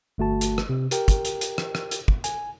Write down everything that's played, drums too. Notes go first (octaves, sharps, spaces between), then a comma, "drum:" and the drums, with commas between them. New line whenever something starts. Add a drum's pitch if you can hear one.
G1 A3 F#4 A5
drum: hi-hat
drum: rim click
C3
G4 A#4 G5, drum: hi-hat
drum: kick, hi-hat
drum: hi-hat
drum: hi-hat
drum: rim click
drum: rim click
drum: hi-hat
drum: kick
G#5, drum: hi-hat